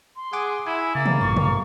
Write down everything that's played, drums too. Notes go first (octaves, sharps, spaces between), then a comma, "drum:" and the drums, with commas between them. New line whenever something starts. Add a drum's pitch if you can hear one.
C6
G#4 F#5 G#5 D6
E4 G#5
C#3 A#3 A6
drum: tom
A1 G2 A#2 A#4 C#6
drum: tom